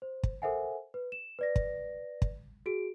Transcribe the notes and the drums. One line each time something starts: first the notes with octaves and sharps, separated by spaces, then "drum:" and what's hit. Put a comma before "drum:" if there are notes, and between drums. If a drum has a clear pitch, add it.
C5
drum: kick
A4 A#4 C5 E5 F#5 G#5
B4
E7
B4 D5 A#6
drum: kick
drum: kick
F#4 G#4 D7